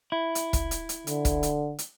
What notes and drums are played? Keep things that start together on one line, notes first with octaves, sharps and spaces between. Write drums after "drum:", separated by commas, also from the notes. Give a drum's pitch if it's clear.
E4
drum: hi-hat
drum: kick, hi-hat
drum: hi-hat
drum: hi-hat
D3, drum: hi-hat
drum: kick, hi-hat
drum: hi-hat
drum: hi-hat